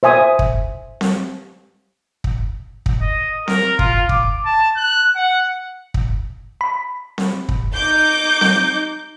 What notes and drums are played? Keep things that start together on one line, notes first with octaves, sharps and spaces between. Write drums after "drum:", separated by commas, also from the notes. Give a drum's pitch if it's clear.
C5 E5 G#5 D#6
drum: kick
drum: snare C4
drum: kick
drum: kick
D#5
A#4, drum: snare C4
F4, drum: kick
D6, drum: kick
A5
F#6
F#5
drum: kick
B5
drum: snare C4
drum: kick
D#4 D6 G6
drum: snare C4